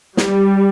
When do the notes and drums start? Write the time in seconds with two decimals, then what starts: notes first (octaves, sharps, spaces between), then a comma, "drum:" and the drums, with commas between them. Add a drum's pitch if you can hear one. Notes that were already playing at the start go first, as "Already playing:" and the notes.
0.17 G3, drum: snare